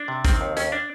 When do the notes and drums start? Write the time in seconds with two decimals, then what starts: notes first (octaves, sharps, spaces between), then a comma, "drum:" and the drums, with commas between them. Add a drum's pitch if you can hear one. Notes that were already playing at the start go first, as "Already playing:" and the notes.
Already playing: D4
0.08 C3
0.25 D#3 C4, drum: kick, hi-hat
0.41 D#2
0.57 D#2 C#4, drum: hi-hat
0.72 D4